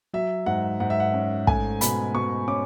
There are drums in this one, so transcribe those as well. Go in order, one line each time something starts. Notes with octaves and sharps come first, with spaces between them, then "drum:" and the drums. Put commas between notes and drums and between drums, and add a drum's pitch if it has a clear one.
F#3 E5
G#2 F#5
G#2 F#5
E5
F#5
C#4
A3 G#5, drum: kick
B2 B5, drum: hi-hat
B2 C#6
C#4 D6